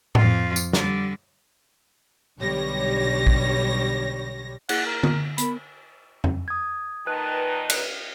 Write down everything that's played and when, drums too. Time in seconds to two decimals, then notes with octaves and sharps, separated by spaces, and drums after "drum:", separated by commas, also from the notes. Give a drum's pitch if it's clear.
0.15 F2 F4, drum: tom A2
0.56 drum: tambourine
0.73 D3 G3, drum: snare
2.39 B1 D3 G3 C#5 A#6
3.27 drum: kick A#1
4.69 A#3 E4 G#4 F#5, drum: cymbal
4.86 A#4
5.03 drum: tom
5.38 B3 A#4 B5, drum: hi-hat
6.24 drum: tom F2
6.48 D#6 G#6
7.07 A#2 D#3 D#4 B4 A5
7.70 drum: cymbal